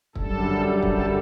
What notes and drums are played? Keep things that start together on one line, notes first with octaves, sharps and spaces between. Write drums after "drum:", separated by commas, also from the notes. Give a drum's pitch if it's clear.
F#2 D3 G3 A4, drum: kick
A4, drum: kick